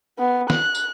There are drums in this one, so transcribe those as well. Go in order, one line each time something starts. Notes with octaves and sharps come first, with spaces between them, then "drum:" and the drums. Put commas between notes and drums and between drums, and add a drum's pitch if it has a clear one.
B3
F#6, drum: snare
drum: tambourine